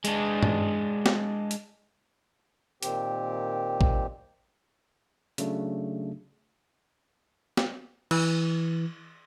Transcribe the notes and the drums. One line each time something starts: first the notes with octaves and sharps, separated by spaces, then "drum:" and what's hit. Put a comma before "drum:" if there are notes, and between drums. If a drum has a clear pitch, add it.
G#3 D4, drum: hi-hat
drum: tom
drum: snare
drum: hi-hat
A#2 D#3 C4 G4, drum: hi-hat
drum: kick A1
C#3 F#3 A3 D4, drum: hi-hat
drum: snare
E3, drum: cymbal